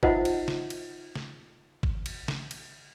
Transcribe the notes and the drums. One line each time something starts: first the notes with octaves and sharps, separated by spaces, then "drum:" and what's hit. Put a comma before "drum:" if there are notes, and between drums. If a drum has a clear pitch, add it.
D#4 F4 C5 D#5 E5 F#5, drum: kick G#1
drum: cymbal
drum: snare
drum: cymbal
drum: snare
drum: kick G#1
drum: cymbal
drum: snare
drum: cymbal